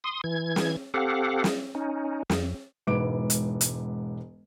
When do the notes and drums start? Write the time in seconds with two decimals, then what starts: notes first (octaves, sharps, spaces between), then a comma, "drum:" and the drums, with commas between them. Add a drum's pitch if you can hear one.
0.04 C6 D#6
0.24 E3 G#6
0.56 drum: snare
0.94 C4 G4 A4 F5 F#5
1.44 drum: snare
1.75 C#4 D#4
2.30 F2, drum: snare
2.87 E1 G#2 B4 D6 D7
3.30 drum: hi-hat
3.61 drum: hi-hat